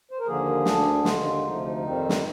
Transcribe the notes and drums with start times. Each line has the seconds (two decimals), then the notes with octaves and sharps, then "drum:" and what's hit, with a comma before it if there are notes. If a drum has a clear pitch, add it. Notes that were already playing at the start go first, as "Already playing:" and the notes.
0.11 C5
0.20 A#4
0.27 D#2 D3 F3 A#3 G#4
0.65 D2 D3 G3 D4, drum: snare
1.05 D#2 D3 G#3 F4, drum: snare
1.44 D2 C3 F3 D#4
1.64 D#4
1.83 F2 D#3 G3 C4
2.09 drum: snare